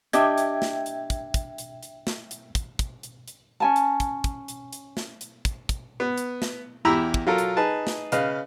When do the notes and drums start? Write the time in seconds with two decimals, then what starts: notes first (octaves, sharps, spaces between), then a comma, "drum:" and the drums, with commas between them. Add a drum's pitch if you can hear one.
0.13 D4 G4 D#5 E5 G5 G#6, drum: hi-hat
0.38 drum: hi-hat
0.62 drum: snare
0.86 drum: hi-hat
1.10 drum: kick, hi-hat
1.34 drum: kick, hi-hat
1.58 drum: hi-hat
1.83 drum: hi-hat
2.07 drum: snare
2.31 drum: hi-hat
2.55 drum: kick, hi-hat
2.79 drum: kick, hi-hat
3.03 drum: hi-hat
3.28 drum: hi-hat
3.60 C#4 G#5 A5
3.76 drum: hi-hat
4.00 drum: kick, hi-hat
4.24 drum: kick, hi-hat
4.48 drum: hi-hat
4.73 drum: hi-hat
4.97 drum: snare
5.21 drum: hi-hat
5.45 drum: kick, hi-hat
5.69 drum: kick, hi-hat
6.00 B3
6.18 drum: hi-hat
6.42 drum: snare
6.85 E2 E4 G4 A#5 B5 E6
7.14 drum: kick
7.27 F#3 F4 A4 A#4
7.38 drum: hi-hat
7.57 D#4 G#4 B4 A5
7.87 drum: snare
8.12 C#3 B4 D#5 F5, drum: hi-hat